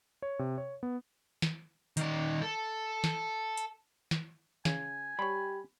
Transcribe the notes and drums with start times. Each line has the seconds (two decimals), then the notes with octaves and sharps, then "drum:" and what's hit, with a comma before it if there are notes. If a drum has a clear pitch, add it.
0.22 C#5
0.39 C3
0.58 C#5
0.83 B3
1.42 drum: snare
1.97 D#3 D5, drum: hi-hat
2.42 A4
3.04 drum: snare
3.57 drum: hi-hat
4.11 drum: snare
4.65 C#3 G#5, drum: snare
5.19 G3 G4 C#5 B5